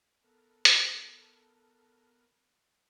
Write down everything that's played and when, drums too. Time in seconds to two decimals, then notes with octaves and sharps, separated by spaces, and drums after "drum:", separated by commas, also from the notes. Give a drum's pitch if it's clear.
0.24 B3 A4 A#4
0.65 drum: hi-hat